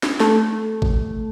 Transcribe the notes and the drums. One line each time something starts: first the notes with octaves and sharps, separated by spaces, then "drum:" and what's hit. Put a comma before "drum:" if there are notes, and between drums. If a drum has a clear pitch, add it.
drum: snare
A3, drum: snare
drum: kick G#1